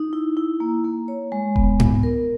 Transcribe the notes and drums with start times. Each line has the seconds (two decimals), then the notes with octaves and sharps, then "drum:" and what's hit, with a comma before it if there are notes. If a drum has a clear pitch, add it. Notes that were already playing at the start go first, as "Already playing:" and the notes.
Already playing: D#4
0.13 E4
0.37 E4
0.60 A#3
0.84 A#3
1.08 C#5
1.32 G#3
1.56 B3, drum: kick D#1
1.80 B3, drum: tom G#2
2.03 A#4